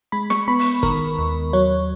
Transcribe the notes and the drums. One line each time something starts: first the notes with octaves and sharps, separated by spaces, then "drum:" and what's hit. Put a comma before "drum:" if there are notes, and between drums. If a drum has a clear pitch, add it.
G#3 B5
C#6, drum: snare
B3 B5
drum: open hi-hat
D#3 A#4, drum: kick G1
D#2
F#3 C#5